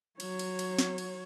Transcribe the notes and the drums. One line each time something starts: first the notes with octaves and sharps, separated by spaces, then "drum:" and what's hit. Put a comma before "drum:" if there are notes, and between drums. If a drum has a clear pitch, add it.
F#3 C#5, drum: cymbal
drum: cymbal
drum: cymbal
drum: snare
drum: cymbal